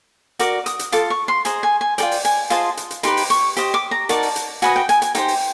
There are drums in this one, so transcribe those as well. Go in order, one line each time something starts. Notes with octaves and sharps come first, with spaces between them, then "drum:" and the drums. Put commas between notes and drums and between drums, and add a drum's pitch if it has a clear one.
F#4 A#4 D5 D6, drum: hi-hat
D#6, drum: hi-hat
drum: hi-hat
F4 A4 D6, drum: hi-hat
C#6
C6
G#4 C5 D#5 A#5, drum: hi-hat
G#5
G#5
F4 A4 D5 G5, drum: hi-hat
drum: open hi-hat
G#5, drum: hi-hat
F4 G#4 C5 D#5 A5, drum: hi-hat
drum: hi-hat
drum: hi-hat
D#4 G4 B4 C6, drum: hi-hat
drum: open hi-hat
C#6, drum: hi-hat
G4 C5 D#5, drum: hi-hat
D6
A#5
D#4 F#4 A#4 D5 A5, drum: hi-hat
drum: open hi-hat
drum: hi-hat
F#4 B4 D#5 G#5, drum: hi-hat
G5
G#5, drum: hi-hat
G#5, drum: hi-hat
D#4 G4 C5 G5, drum: hi-hat
drum: open hi-hat